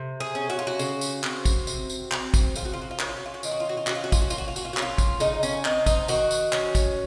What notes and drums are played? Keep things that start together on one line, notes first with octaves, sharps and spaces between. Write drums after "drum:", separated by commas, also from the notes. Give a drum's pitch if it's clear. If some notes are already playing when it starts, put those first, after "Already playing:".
Already playing: C3
G#4
C#4
F#4
F4
F#4
C#3, drum: tambourine
drum: tambourine
C4, drum: clap
drum: kick, tambourine
C3, drum: tambourine
drum: tambourine
C4, drum: clap
drum: kick, tambourine
C#3 F4, drum: tambourine
F#4
F4
F#4
F4
C#4 F#4, drum: clap
F4
F#4
F4
F#4
D#3 F4, drum: tambourine
F#4
F4
F#4
F4
C#4 F#4, drum: clap
F4
F#4
F4, drum: kick, tambourine
F#4
A#2 F4, drum: tambourine
F#4
F4
F#4, drum: tambourine
F4
F#4
C#4, drum: clap
F4
drum: kick, tambourine
C#3 D#4, drum: tambourine
C#4, drum: tambourine
C4 D#4, drum: clap
D#4, drum: kick, tambourine
D#3 F#4, drum: tambourine
drum: tambourine
C#4, drum: clap
drum: kick, tambourine